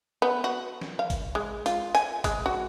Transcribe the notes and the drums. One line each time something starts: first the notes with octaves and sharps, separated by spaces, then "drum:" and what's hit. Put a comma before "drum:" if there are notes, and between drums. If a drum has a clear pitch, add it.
B3
F#4
drum: snare
F5
drum: kick G1, hi-hat
G#3
F4, drum: hi-hat
G#5, drum: hi-hat
G#3, drum: kick G1, hi-hat
F#4